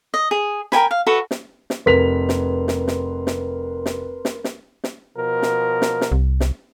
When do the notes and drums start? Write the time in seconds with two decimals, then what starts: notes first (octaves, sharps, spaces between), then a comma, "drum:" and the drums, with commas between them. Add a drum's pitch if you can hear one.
0.14 D#5
0.31 G#4
0.72 A#4 G5 G#5 B5, drum: snare
0.91 F5
1.07 F#4 A4 B4 E5
1.31 drum: snare
1.70 drum: snare
1.86 F1 A#4 B4 C6 B6 F7
2.29 drum: snare
2.68 drum: snare
2.88 drum: snare
3.27 drum: snare
3.86 drum: snare
4.25 drum: snare
4.44 drum: snare
4.84 drum: snare
5.17 B2 F3 A#4
5.42 drum: snare
5.82 drum: snare
6.01 drum: snare
6.12 C2
6.40 drum: snare